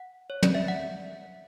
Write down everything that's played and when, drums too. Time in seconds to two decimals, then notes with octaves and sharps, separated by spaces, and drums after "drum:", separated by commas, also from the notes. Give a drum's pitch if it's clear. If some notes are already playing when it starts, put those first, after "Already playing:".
Already playing: F#5
0.30 C#5
0.43 D5, drum: tom
0.55 E5
0.68 F#5